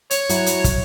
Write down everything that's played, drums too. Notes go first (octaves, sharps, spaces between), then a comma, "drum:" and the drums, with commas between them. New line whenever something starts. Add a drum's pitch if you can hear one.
C#5, drum: hi-hat
F#3 E4 F#4, drum: hi-hat
drum: hi-hat
drum: kick, hi-hat